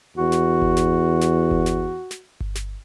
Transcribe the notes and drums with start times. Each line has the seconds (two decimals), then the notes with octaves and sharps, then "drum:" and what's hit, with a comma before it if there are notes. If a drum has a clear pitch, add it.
0.17 E2 F#4
0.32 drum: snare
0.62 drum: kick G1
0.77 drum: snare
1.21 drum: snare
1.51 drum: kick G1
1.66 drum: snare
2.11 drum: snare
2.40 drum: kick G1
2.55 drum: snare